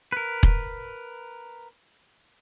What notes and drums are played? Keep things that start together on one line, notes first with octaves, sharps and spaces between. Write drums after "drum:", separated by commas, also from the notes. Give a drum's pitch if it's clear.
A#4 B4
drum: kick E1